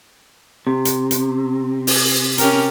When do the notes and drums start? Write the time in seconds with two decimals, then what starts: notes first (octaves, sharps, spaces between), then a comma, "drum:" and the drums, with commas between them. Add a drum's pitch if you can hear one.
0.67 C3
0.85 drum: hi-hat
1.11 drum: hi-hat
1.87 drum: open hi-hat
2.38 C#4 G4 A#4, drum: hi-hat